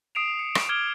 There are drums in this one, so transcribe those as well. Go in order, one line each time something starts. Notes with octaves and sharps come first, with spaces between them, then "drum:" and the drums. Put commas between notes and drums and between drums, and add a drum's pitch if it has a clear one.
D#6 C7 D7 E7 F7
C#7
drum: rim click
D6 F6 G#6 D7 G7